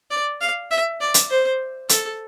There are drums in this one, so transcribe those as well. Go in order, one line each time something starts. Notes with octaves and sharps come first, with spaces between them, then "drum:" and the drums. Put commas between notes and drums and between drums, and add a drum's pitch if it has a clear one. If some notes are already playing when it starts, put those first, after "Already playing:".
D5
F5
E5
D5
drum: hi-hat
C5
A4, drum: hi-hat